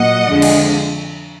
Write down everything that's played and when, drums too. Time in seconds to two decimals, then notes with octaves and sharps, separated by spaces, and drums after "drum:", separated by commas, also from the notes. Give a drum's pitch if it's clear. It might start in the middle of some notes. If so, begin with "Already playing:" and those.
Already playing: A#2 F#3 D#5 F#5
0.28 F2 D3 F3 G#3
0.42 drum: cymbal